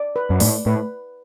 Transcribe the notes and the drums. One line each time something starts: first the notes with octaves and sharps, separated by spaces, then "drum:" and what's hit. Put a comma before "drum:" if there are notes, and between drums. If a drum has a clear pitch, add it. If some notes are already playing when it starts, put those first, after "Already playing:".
Already playing: D5
B4
F#2
A2 D5, drum: open hi-hat
A2 B4